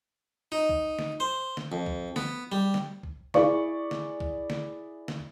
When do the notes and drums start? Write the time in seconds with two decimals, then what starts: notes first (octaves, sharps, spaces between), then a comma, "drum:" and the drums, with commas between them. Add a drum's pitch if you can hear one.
0.52 D#4
0.69 drum: kick B1
0.99 drum: snare
1.20 C5
1.57 drum: snare
1.72 F2
1.86 drum: kick B1
2.16 B3, drum: snare
2.52 G3
2.74 drum: snare
3.03 drum: kick B1
3.34 E4 G#4 D5 C#6, drum: snare
3.91 drum: snare
4.20 drum: kick B1
4.50 drum: snare
5.08 drum: snare